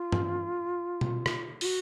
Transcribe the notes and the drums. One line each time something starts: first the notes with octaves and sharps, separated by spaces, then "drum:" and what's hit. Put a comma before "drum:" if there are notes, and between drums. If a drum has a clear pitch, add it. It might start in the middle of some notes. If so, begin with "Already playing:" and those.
Already playing: F4
drum: tom G2
drum: tom B2
drum: rim click
F4, drum: open hi-hat
F#4